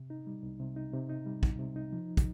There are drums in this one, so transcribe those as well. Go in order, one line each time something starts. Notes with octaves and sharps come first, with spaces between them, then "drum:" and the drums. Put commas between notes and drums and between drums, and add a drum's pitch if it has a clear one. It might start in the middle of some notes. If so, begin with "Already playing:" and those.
Already playing: C3
D#4
G3
C2
C3
D#4
C3
D#4
G3
C2, drum: kick
C3
D#4
F3
drum: kick, hi-hat